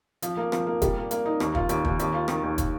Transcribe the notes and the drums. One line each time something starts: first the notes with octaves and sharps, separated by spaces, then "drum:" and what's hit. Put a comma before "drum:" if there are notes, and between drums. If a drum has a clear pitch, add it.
F3, drum: hi-hat
A#3
F3, drum: rim click
A#3
G3, drum: kick, hi-hat
A#3
A#3, drum: hi-hat
D#4
D#2, drum: rim click
F4, drum: kick
D#2, drum: hi-hat
D#2, drum: kick
D#2, drum: hi-hat
F4
D#3, drum: rim click
D#2
drum: kick, hi-hat